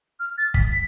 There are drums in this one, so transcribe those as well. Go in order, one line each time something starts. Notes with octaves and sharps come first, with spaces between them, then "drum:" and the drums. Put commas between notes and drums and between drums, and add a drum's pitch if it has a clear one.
F6
A6
B6, drum: kick
B6